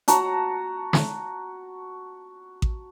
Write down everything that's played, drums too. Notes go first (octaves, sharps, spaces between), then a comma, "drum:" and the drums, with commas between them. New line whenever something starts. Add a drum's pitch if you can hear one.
F#4 A5 A#5, drum: hi-hat
drum: snare
drum: kick A1